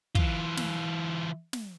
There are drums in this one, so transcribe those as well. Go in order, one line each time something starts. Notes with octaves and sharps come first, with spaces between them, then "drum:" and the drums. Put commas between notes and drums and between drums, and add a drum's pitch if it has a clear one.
E3 F4, drum: kick
drum: snare
drum: snare